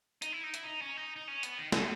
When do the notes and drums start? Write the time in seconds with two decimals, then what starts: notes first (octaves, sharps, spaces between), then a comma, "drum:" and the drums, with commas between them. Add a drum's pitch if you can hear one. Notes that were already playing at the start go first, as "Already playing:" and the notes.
0.22 D#4, drum: hi-hat
0.32 E4
0.43 D#4
0.54 E4, drum: hi-hat
0.64 D#4
0.82 C#4
0.97 D#4
1.16 D#4
1.28 C#4
1.43 B3, drum: hi-hat
1.58 D#3
1.72 D#3, drum: snare